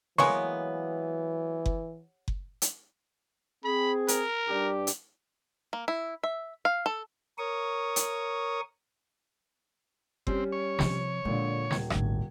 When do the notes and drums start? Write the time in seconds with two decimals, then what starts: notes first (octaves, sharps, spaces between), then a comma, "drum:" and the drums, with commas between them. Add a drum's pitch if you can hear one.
0.18 E3 F#3 G#3 A#3 B3 C#6, drum: snare
1.66 drum: kick F#1
2.28 drum: kick F#1
2.62 drum: hi-hat
3.64 C4 G#4 B5
4.08 A#4, drum: hi-hat
4.49 G2 D4 G4
4.87 drum: hi-hat
5.73 A#3
5.88 E4
6.23 E5
6.65 F5
6.86 A4
7.38 A#4 C#5 C#6 D#6
7.96 drum: hi-hat
10.27 G3 C4 C#4 G4, drum: kick F#1
10.52 C#5
10.79 C3 F3, drum: snare
11.25 A#1 A#2 D3 G#3
11.71 D#1 G#6, drum: snare
11.90 G#1 D2, drum: rim click